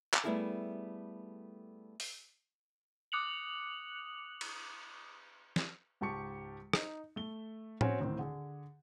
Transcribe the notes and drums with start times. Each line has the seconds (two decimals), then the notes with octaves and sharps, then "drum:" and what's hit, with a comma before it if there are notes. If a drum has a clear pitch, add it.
0.14 drum: clap
0.24 G3 A3 B3 E4 G#4 A4
2.00 drum: open hi-hat
3.12 D6 D#6 F#6 C#7 F7 F#7
4.41 drum: cymbal
5.56 drum: snare
6.01 C#2 G#2 G4 A5 C#6 C#7
6.73 D#4, drum: rim click
7.16 A3 G7
7.81 C4 C#4 F#4 C#5 G#5, drum: tom A2
8.00 D2 A2 D#3 E3 C4
8.19 D3 G#4